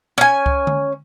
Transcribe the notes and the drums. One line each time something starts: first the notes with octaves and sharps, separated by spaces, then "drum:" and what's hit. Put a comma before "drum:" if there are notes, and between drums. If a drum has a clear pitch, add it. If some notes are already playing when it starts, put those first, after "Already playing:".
C#4 G#5
drum: kick C#2
drum: tom D3